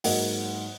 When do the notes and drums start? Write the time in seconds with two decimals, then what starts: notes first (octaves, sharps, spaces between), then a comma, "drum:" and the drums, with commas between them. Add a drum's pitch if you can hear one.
0.04 G#2 F#3 A#3 D#5 F#5, drum: open hi-hat